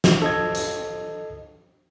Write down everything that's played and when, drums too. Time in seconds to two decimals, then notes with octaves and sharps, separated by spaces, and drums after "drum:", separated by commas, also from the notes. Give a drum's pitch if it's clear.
0.04 drum: snare
0.22 A4 D#5 G#6
0.55 drum: hi-hat